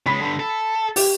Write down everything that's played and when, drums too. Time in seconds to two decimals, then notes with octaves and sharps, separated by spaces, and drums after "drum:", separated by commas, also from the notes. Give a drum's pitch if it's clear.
0.06 C#3 G#3 B5 B6
0.21 G2 D3
0.39 A4
0.96 G4, drum: open hi-hat